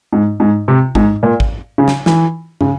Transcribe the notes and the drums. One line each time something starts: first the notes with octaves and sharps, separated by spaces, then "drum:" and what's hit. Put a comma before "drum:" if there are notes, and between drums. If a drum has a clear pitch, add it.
G#2
G#2
C3
G#2, drum: kick
A#2
drum: kick
C#3
drum: snare
E3, drum: snare
C#3, drum: tom